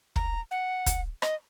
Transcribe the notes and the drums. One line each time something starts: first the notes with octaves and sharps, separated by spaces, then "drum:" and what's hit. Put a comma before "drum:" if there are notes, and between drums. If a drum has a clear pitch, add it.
A#5, drum: kick
F#5
drum: kick, hi-hat
D#5, drum: rim click